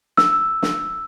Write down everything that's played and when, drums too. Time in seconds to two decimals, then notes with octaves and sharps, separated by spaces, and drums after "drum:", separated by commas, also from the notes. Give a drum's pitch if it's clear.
0.17 E6, drum: snare
0.62 drum: snare